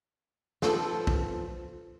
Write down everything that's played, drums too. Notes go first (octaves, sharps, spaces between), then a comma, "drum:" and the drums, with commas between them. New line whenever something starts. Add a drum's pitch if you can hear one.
F3 C4 A4 B4, drum: snare
drum: kick